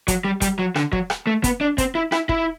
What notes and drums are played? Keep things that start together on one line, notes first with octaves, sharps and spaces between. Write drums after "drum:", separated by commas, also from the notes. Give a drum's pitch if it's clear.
F#3, drum: kick, hi-hat
G3
G3, drum: kick, hi-hat
F#3
D3, drum: rim click
F#3, drum: kick
drum: rim click
A3
B3, drum: kick, hi-hat
D4
C4, drum: kick, hi-hat
E4
E4, drum: rim click
E4, drum: kick